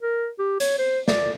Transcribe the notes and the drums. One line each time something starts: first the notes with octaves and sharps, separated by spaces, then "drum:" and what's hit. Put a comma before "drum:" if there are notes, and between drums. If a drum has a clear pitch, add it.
A#4
G4
C#5, drum: hi-hat
C5
D5, drum: snare